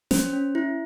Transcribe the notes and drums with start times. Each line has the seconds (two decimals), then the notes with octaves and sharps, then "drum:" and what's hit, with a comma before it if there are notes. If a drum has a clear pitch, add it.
0.11 C#4 C5, drum: snare
0.33 C#4
0.55 E4